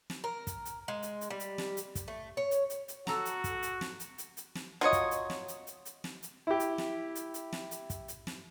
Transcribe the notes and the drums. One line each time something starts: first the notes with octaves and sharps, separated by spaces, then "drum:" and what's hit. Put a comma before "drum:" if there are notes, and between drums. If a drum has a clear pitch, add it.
drum: snare
A#4
drum: kick, hi-hat
drum: hi-hat
G#3
drum: hi-hat
drum: hi-hat
G3
drum: hi-hat
drum: snare
drum: hi-hat
drum: kick, hi-hat
A3
C#5
drum: hi-hat
drum: hi-hat
drum: hi-hat
F#4 A4 A#5, drum: snare
drum: hi-hat
drum: kick, hi-hat
drum: hi-hat
drum: snare
drum: hi-hat
drum: hi-hat
drum: hi-hat
drum: snare
F#3 F4 C#5 D#5
drum: kick, hi-hat
drum: hi-hat
drum: snare
drum: hi-hat
drum: hi-hat
drum: hi-hat
drum: snare
drum: hi-hat
E4 G4
drum: hi-hat
drum: snare
drum: hi-hat
drum: hi-hat
drum: snare
drum: hi-hat
drum: kick, hi-hat
drum: hi-hat
drum: snare